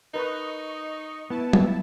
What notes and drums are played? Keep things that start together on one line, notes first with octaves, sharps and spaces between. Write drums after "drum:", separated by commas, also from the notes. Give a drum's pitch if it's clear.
D#4 A#4 B4 D#5 A#5 C#6
B3 E4 A5
drum: tom F#3